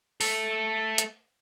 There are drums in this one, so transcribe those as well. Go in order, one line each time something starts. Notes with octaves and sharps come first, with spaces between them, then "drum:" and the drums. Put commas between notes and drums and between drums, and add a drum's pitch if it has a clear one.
A3 A4, drum: open hi-hat
drum: hi-hat